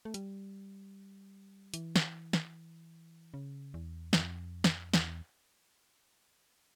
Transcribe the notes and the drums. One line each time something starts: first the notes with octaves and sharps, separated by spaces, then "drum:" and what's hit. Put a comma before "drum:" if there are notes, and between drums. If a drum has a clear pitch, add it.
A3
G3, drum: hi-hat
E3, drum: hi-hat
drum: snare
drum: snare
C#3
E2
F2, drum: snare
drum: snare
E2, drum: snare